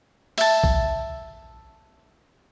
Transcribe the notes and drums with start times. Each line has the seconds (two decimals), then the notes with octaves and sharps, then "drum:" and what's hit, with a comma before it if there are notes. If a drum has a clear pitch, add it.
0.38 E5 A5, drum: open hi-hat
0.64 drum: kick A#1